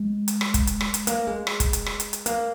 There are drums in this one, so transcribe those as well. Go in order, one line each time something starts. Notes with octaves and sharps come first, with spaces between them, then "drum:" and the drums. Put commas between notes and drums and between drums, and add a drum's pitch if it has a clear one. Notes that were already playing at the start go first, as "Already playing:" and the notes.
Already playing: G#3
drum: hi-hat
drum: rim click
drum: kick, hi-hat
drum: hi-hat
drum: rim click
drum: hi-hat
A#3, drum: hi-hat
G#3
drum: rim click
drum: kick, hi-hat
drum: hi-hat
drum: rim click
drum: hi-hat
drum: hi-hat
A#3, drum: hi-hat